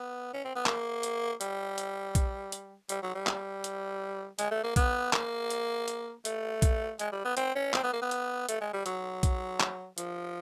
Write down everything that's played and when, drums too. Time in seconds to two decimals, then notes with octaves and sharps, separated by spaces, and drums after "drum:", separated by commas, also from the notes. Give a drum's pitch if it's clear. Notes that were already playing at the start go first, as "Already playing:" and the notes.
Already playing: B3
0.34 C#4
0.44 C4
0.55 B3
0.66 A#3, drum: clap
1.03 drum: hi-hat
1.41 G3, drum: hi-hat
1.78 drum: hi-hat
2.15 drum: kick A#1, hi-hat
2.52 drum: hi-hat
2.89 G3, drum: hi-hat
3.02 F#3
3.15 G3
3.27 drum: clap
3.64 drum: hi-hat
4.39 G#3, drum: hi-hat
4.51 A3
4.64 A#3
4.76 B3, drum: kick A#1, hi-hat
5.13 A#3, drum: clap
5.50 drum: hi-hat
5.88 drum: hi-hat
6.25 A3, drum: hi-hat
6.62 drum: kick A#1, hi-hat
6.99 G#3, drum: hi-hat
7.12 G3
7.25 B3
7.37 C4, drum: hi-hat
7.55 C#4
7.74 C4, drum: clap
7.83 B3
7.93 A#3
8.02 B3
8.11 drum: hi-hat
8.49 A3, drum: hi-hat
8.61 G#3
8.73 G3
8.86 F#3, drum: hi-hat
9.23 drum: kick A#1, hi-hat
9.60 drum: clap
9.98 F3, drum: hi-hat